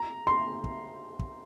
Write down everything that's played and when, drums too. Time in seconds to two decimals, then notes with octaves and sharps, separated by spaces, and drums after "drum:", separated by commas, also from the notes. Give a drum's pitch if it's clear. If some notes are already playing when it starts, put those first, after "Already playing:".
Already playing: A#5
0.27 C6
0.64 drum: kick
1.19 drum: kick